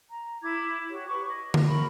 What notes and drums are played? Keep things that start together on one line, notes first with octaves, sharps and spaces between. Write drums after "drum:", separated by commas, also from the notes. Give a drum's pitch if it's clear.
A#5
E4 D6 G#6
F#4 G4 C#5
B4 C#6 D6
D#5
drum: tom D3
A#4 D#5 B5 C#6